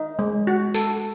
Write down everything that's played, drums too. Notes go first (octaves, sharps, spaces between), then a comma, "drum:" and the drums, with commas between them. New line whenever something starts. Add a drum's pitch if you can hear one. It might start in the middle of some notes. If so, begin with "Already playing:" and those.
Already playing: D#4
G#3
F#4
A4, drum: tambourine